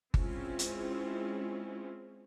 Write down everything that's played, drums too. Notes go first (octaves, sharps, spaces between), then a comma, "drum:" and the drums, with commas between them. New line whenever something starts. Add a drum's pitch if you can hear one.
G#3 C4 C#4 E4 F4, drum: kick G1
drum: hi-hat